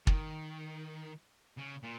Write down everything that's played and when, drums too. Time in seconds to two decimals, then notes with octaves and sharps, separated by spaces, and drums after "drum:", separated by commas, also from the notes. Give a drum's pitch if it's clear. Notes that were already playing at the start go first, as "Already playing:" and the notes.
0.07 D#3, drum: kick
1.57 C#3
1.83 A#2